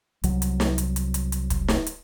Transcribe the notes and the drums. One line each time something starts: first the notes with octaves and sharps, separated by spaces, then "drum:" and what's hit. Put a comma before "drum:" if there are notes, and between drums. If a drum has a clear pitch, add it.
C2 F#3, drum: hi-hat
drum: hi-hat
drum: snare
drum: hi-hat
drum: hi-hat
drum: hi-hat
drum: hi-hat
drum: kick, hi-hat
drum: snare
drum: hi-hat